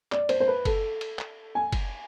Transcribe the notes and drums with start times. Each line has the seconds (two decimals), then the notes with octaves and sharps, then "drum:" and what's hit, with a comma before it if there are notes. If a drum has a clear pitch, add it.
0.12 D5, drum: clap
0.29 C5, drum: cymbal
0.40 C5
0.48 B4
0.65 A4, drum: kick F#1, cymbal
1.01 drum: cymbal
1.19 drum: clap
1.55 G#5
1.72 drum: kick F#1, cymbal